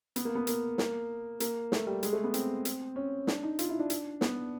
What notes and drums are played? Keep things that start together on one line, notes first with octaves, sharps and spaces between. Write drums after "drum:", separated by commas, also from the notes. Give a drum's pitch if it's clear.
B3, drum: hi-hat
A#3
B3
A#3, drum: hi-hat
A#3, drum: snare
A#3, drum: hi-hat
A3, drum: snare
G3
G#3, drum: hi-hat
A3
B3
C4, drum: hi-hat
drum: hi-hat
C#4
D4, drum: snare
D#4
F4, drum: hi-hat
E4
D4
drum: hi-hat
B3, drum: snare